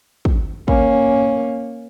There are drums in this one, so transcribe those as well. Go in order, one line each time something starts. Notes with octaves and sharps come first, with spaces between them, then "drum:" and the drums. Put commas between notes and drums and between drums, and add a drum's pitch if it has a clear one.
drum: kick
A#3 C#4, drum: kick